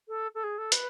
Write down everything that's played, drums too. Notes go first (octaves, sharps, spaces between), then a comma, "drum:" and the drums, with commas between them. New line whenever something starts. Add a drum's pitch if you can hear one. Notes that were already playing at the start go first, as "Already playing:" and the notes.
A4
A4
G#4
A4
B4, drum: hi-hat